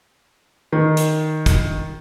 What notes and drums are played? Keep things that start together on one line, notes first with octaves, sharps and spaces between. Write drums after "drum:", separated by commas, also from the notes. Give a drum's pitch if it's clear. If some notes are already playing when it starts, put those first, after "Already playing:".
D#3
drum: hi-hat
drum: kick, hi-hat